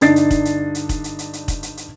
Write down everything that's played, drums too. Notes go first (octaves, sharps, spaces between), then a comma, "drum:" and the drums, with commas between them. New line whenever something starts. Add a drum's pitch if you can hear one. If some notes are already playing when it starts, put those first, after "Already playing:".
G2 D3 D4 D#4 A6 C7, drum: hi-hat
drum: hi-hat
drum: kick, hi-hat
drum: hi-hat
drum: hi-hat
drum: kick, hi-hat
drum: hi-hat
drum: hi-hat
drum: hi-hat
drum: kick, hi-hat
drum: hi-hat
drum: hi-hat